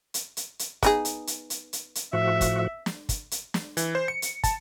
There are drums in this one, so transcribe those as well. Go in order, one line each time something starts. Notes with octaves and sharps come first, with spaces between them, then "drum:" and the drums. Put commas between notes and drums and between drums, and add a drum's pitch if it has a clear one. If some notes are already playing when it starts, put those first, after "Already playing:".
drum: hi-hat
drum: hi-hat
drum: hi-hat
B3 D#4 G#4, drum: kick, hi-hat
drum: hi-hat
drum: hi-hat
drum: hi-hat
drum: hi-hat
drum: hi-hat
A2 F3 F#4 E5
drum: kick, hi-hat
drum: snare
drum: kick, hi-hat
drum: hi-hat
drum: snare
E3, drum: hi-hat
C5
C#7
drum: hi-hat
A5, drum: kick, hi-hat